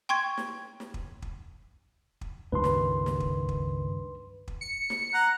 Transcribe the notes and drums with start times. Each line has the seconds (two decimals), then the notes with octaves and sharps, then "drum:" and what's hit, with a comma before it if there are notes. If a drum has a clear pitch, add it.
0.09 G5 C6 C#6 G#6
0.37 drum: snare
0.80 drum: snare
0.94 drum: kick
1.22 drum: kick
2.21 drum: kick
2.52 C#2 G2 D#3 B4 C6
2.64 drum: snare
3.06 drum: snare
3.20 drum: kick
3.49 drum: kick
4.48 drum: kick
4.61 C#7
4.90 drum: snare
5.14 F#5 A#5